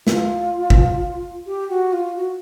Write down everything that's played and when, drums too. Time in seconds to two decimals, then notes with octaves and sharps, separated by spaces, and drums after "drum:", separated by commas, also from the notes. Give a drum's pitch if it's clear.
0.07 F4, drum: snare
0.70 drum: kick
1.46 G4
1.69 F#4
1.93 F4
2.16 F#4